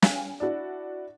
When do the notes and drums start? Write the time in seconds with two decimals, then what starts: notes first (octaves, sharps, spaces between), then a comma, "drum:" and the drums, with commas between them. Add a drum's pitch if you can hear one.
0.02 F5 G5 G#5, drum: snare
0.40 D4 E4 F#4